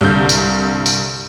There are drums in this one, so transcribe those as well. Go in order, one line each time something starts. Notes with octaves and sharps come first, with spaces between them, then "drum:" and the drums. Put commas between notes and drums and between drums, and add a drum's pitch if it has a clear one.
C2 G2 D3 G6
drum: tambourine
drum: tambourine